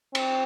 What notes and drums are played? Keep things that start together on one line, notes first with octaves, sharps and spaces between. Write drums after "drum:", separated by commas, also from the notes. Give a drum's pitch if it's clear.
C4, drum: cymbal